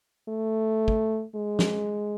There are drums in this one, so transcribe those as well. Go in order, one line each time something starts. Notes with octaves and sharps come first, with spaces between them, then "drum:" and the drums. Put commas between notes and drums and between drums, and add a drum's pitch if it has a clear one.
A3
drum: kick
G#3
drum: snare